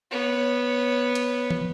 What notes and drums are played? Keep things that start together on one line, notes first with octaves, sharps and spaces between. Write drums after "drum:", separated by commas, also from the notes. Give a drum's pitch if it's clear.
B3 C#5
drum: hi-hat
drum: tom